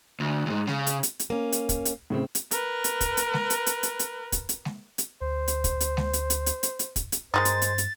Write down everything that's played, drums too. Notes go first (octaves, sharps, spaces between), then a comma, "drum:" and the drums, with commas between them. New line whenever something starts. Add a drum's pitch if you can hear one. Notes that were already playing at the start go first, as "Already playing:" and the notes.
D2
D2 G#2
C#3, drum: snare G#3
drum: hi-hat
drum: hi-hat
drum: hi-hat
A#3 C#4
drum: hi-hat
drum: kick, hi-hat
drum: hi-hat
A2 C#3 C4
drum: hi-hat
A#4 B4, drum: hi-hat
drum: hi-hat
drum: kick, hi-hat
drum: hi-hat
drum: snare G#3
drum: hi-hat
drum: hi-hat
drum: hi-hat
drum: hi-hat
drum: kick, hi-hat
drum: hi-hat
drum: snare G#3
drum: hi-hat
D2 C5
drum: hi-hat
drum: kick, hi-hat
drum: hi-hat
drum: snare G#3
drum: hi-hat
drum: hi-hat
drum: hi-hat
drum: hi-hat
drum: hi-hat
drum: kick, hi-hat
drum: hi-hat
G2 D#3 G#3 D#4 C5 A6
drum: hi-hat
drum: hi-hat
drum: hi-hat